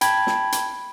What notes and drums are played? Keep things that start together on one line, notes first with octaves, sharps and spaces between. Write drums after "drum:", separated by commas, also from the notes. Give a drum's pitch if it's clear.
G5 A5 B5 G#6, drum: hi-hat
drum: snare
drum: hi-hat